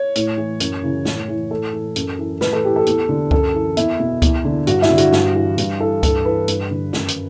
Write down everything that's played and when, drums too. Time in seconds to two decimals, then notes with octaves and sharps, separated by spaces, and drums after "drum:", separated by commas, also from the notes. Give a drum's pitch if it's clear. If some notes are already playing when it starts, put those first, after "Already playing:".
Already playing: C#5
0.15 A2, drum: hi-hat
0.38 E3
0.60 F#2, drum: hi-hat
0.83 C#3 E3
1.05 A2, drum: snare
1.28 E3
1.51 A2 A4
1.73 E3
1.96 F#2, drum: hi-hat
2.19 E3
2.41 A2 B4, drum: snare
2.53 A4
2.64 E3 G4
2.76 A4
2.86 E2, drum: hi-hat
3.09 D3
3.31 F#2 A4, drum: kick C#2
3.54 E3
3.77 E2 E4, drum: hi-hat
4.00 B2
4.22 E2, drum: kick C#2, hi-hat
4.45 D3
4.67 G2 F#4, drum: hi-hat
4.82 E4, drum: snare
4.90 D3
4.98 F#4, drum: hi-hat
5.12 G2, drum: snare
5.35 E3
5.58 G2, drum: hi-hat
5.80 E3 A4
6.03 G2 A4, drum: kick C#2, hi-hat
6.25 E3 B4
6.48 G2, drum: hi-hat
6.71 D3
6.93 F#2, drum: snare
7.08 drum: hi-hat